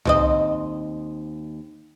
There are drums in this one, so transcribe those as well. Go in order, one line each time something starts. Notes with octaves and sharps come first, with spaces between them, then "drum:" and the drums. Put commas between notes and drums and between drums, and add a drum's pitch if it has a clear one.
D#2 C4 D#5, drum: tom